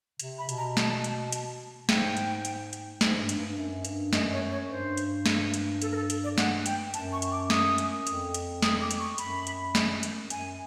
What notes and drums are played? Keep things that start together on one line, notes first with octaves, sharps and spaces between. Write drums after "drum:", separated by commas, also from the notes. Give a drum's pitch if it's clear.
C3, drum: hi-hat
B5
B2, drum: hi-hat
A#5
A5, drum: snare
drum: hi-hat
drum: hi-hat
G#2 G5, drum: snare
drum: hi-hat
drum: hi-hat
drum: hi-hat
G#2, drum: snare
G2
drum: hi-hat
G2
F#2
G2, drum: hi-hat
F#2 D#5, drum: snare
C#5
C#5
G2 C5
drum: hi-hat
drum: snare
drum: hi-hat
A4, drum: hi-hat
A#4
A4
drum: hi-hat
D5
F#5, drum: snare
G5, drum: hi-hat
F#2 A5, drum: hi-hat
C#6
drum: hi-hat
D6
D#6, drum: snare
drum: hi-hat
F2, drum: hi-hat
drum: hi-hat
D#6, drum: snare
D6
drum: hi-hat
C#6
F#2 B5, drum: hi-hat
drum: hi-hat
drum: snare
drum: hi-hat
F#2 G#5, drum: hi-hat